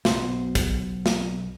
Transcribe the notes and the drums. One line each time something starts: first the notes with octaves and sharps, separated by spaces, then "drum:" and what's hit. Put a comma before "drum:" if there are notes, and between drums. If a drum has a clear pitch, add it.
B1 F#2 B2 B3 C5, drum: snare
drum: kick, hi-hat
drum: snare